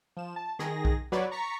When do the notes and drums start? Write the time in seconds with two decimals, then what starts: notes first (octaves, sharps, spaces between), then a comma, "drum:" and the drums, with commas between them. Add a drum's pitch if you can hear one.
0.17 F3 E7
0.36 A5
0.59 D#3 G#4 A#6, drum: rim click
0.85 drum: kick B1
1.12 F#3 F#4 B4 C#5 D5, drum: rim click
1.31 A#5 C#6 A6 B6 C#7